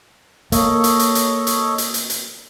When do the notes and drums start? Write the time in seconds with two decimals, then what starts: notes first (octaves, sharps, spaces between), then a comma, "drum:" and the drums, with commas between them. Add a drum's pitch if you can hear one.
0.52 A#3 A4 C#5 D#5, drum: hi-hat
0.84 drum: hi-hat
0.99 drum: hi-hat
1.15 drum: hi-hat
1.47 drum: hi-hat
1.78 drum: hi-hat
1.94 drum: hi-hat
2.10 drum: hi-hat